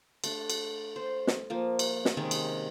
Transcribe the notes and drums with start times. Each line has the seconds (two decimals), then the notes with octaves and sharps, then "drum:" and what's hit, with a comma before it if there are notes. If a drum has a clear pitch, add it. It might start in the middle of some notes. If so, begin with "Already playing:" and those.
0.24 A3 D4, drum: cymbal
0.50 drum: cymbal
0.96 C5
1.27 drum: snare
1.50 F3 A#3
1.79 drum: cymbal
2.05 drum: snare
2.17 C3 D#3 G#3 C#4
2.31 drum: cymbal